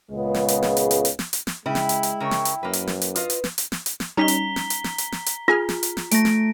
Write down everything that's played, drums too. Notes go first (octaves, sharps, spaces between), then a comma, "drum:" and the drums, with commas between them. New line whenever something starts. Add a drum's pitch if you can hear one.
C#2 A#2 C#3 G#3 B3
drum: snare
drum: hi-hat
drum: snare
drum: hi-hat
drum: hi-hat
drum: hi-hat
drum: snare
drum: hi-hat
drum: snare
C#3 G#3 E4 G5
drum: snare
drum: hi-hat
drum: hi-hat
C#3 A#4 C#5
drum: snare
drum: hi-hat
F#2 A#3 B4
drum: hi-hat
drum: snare
drum: hi-hat
F4 B4 D#5 F5, drum: hi-hat
drum: hi-hat
drum: snare
drum: hi-hat
drum: snare
drum: hi-hat
drum: snare
G3 C#4 D#4 A#5 B6 G7
drum: hi-hat
drum: snare
drum: hi-hat
drum: snare
drum: hi-hat
drum: snare
drum: hi-hat
F4 G#4 G#5 F6
drum: snare
drum: hi-hat
drum: snare
A3 A#6 D7, drum: hi-hat
drum: snare